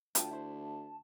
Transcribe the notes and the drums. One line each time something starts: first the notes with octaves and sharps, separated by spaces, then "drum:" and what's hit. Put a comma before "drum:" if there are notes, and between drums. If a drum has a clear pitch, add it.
D2 F4 C5 G5 A5, drum: hi-hat
E4 C5